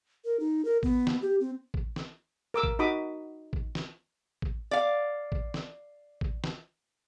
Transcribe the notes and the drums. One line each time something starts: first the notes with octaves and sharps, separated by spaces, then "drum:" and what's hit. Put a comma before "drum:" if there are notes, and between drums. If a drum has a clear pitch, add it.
A#4
D#4
A#4
B3, drum: kick A1
drum: snare
G4
C4
drum: kick A1
drum: snare
A#4 D6 E6
drum: kick A1
D#4 F#4 B5 D6 D#6
drum: kick A1
drum: snare
drum: kick A1
D5 F5
drum: kick A1
drum: snare
drum: kick A1
drum: snare